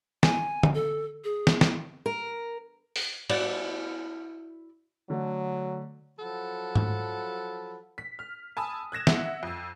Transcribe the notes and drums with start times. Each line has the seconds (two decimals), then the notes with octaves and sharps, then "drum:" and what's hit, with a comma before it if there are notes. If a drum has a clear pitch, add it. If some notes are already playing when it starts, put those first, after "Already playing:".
0.23 G#5, drum: snare
0.63 drum: tom D3
0.74 A4
1.24 G#4
1.47 drum: snare
1.61 drum: snare
2.06 A#4
2.96 drum: open hi-hat
3.30 E4 F#4 D5, drum: cymbal
5.10 D3 F#3 A3
6.20 F3 F#3 A4 F#5 B5
6.75 drum: tom G#2
7.98 B6
8.19 F6
8.57 G#5 A5 B5 D#6 E6
8.92 F#6 G#6 A#6 E7
9.07 E5 F#5, drum: snare
9.43 F2 E6